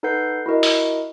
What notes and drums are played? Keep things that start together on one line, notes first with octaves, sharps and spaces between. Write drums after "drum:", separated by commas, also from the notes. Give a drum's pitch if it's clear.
D#4 A4 B4 F#5 G6 C7
E4 F#4 A#4 D#5
drum: open hi-hat